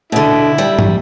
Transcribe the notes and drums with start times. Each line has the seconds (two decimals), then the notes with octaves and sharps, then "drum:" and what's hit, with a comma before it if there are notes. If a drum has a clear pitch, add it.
0.12 B2 D3 E4
0.58 G3
0.79 drum: tom